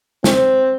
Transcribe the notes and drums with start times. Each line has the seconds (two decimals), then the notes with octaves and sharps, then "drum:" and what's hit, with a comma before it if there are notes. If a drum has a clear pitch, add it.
0.24 C4, drum: snare